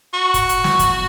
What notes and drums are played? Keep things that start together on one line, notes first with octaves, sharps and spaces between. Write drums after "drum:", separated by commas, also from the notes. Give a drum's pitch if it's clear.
F#4
drum: kick, hi-hat
drum: hi-hat
drum: snare
drum: kick, hi-hat